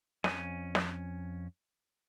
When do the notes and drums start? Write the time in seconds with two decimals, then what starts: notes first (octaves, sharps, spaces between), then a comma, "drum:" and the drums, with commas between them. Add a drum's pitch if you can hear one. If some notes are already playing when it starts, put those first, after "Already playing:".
0.24 F2 C#4 G#5, drum: snare
0.75 drum: snare